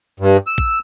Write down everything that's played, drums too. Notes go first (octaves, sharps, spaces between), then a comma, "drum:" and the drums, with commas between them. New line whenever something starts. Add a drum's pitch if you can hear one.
G2
E6
drum: kick